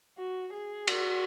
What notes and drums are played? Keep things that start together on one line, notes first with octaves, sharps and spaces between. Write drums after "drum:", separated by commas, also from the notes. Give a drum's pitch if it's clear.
F#4
G#4
F#4, drum: cymbal